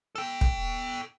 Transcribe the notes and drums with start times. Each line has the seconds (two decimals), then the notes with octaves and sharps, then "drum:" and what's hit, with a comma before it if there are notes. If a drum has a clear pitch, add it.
0.15 A4 G5
0.41 drum: kick